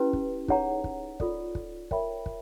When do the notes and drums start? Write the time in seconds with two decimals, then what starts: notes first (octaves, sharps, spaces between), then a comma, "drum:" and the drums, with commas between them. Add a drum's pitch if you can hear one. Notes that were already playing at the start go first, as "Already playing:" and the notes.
Already playing: C#4 E4 G4 B4
0.13 drum: kick
0.48 D#4 G#4 C#5 F#5 A#5, drum: kick
0.84 drum: kick
1.20 F4 A4 D5, drum: kick
1.55 drum: kick
1.91 A#4 C#5 E5 G5 B5, drum: kick
2.26 drum: kick